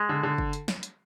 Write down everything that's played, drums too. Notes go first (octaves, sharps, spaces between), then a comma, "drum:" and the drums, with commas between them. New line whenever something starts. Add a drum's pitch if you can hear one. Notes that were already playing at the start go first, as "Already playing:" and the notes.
Already playing: G#3
D3
D3
drum: kick
drum: hi-hat
drum: snare
drum: hi-hat